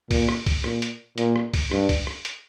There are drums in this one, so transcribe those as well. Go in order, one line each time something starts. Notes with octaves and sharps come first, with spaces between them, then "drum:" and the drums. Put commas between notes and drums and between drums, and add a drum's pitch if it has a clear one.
A#2, drum: kick C2, open hi-hat
drum: rim click
drum: kick C2, open hi-hat
A#2, drum: rim click
drum: hi-hat
A#2, drum: hi-hat
drum: rim click
drum: kick C2, open hi-hat
G2, drum: rim click
drum: kick C2, open hi-hat
drum: rim click
drum: hi-hat